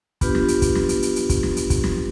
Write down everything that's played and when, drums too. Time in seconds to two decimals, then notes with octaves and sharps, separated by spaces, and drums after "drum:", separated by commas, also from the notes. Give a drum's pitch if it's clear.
0.21 B3 D4 F4 G4 B4, drum: kick, hi-hat
0.35 drum: snare
0.48 drum: hi-hat
0.62 drum: kick, hi-hat
0.75 drum: snare
0.89 drum: hi-hat
1.02 drum: hi-hat
1.16 drum: hi-hat
1.29 drum: kick, hi-hat
1.43 drum: snare
1.57 drum: hi-hat
1.70 drum: kick, hi-hat
1.84 drum: snare